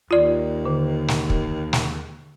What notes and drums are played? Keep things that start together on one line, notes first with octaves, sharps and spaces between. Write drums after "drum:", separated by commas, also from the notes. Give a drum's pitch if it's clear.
D#2 F4 D5
D3
drum: snare
drum: kick
drum: snare